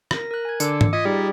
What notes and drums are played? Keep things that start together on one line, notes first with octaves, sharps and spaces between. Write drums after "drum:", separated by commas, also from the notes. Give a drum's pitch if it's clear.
A#4 A#6, drum: rim click
A#4 F#6
G#5 G#6
D3 D6 E6 C#7, drum: tambourine
drum: tom G#2
F4 D#5 G#6 B6
G3 D#4 G#4 D5